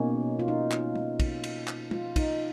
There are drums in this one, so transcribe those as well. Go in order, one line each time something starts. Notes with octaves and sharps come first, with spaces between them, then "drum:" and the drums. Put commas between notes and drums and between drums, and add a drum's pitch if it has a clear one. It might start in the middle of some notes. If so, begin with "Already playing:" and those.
Already playing: B2 A#3 C#4 D#4
F4
D#4
drum: clap
drum: tom
drum: kick, cymbal
drum: cymbal
drum: clap
F4, drum: tom
D#4, drum: kick, cymbal